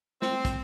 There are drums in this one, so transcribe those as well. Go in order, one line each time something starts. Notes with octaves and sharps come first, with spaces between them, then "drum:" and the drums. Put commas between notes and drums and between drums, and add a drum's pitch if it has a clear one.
C4, drum: snare
drum: kick, hi-hat